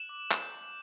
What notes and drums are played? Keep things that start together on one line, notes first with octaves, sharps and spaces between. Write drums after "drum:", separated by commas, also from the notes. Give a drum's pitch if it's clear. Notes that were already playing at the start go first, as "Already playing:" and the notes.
Already playing: F#6 E7 F#7
D6
drum: clap
G6